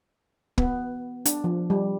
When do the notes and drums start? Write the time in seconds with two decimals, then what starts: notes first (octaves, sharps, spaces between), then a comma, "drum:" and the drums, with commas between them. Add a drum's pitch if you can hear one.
0.58 B3, drum: kick
1.25 D4, drum: hi-hat
1.44 F3
1.70 G3